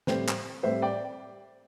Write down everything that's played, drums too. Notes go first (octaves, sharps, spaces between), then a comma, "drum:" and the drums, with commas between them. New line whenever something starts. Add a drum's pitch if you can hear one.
A2 G3 C4 G4 C5, drum: snare
drum: clap
A2 G3 C4 C5 E5
D5 G5